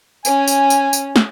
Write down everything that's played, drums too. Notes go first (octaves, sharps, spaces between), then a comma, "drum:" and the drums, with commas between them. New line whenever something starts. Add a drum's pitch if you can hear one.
C#4 G#5, drum: tambourine
drum: tambourine
drum: tambourine
drum: tambourine
drum: snare